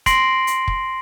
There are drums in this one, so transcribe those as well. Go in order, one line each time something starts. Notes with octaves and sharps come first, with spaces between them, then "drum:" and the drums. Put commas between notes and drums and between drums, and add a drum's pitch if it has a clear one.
C6 A#6 C7 D7 F#7, drum: kick, hi-hat
drum: hi-hat
drum: kick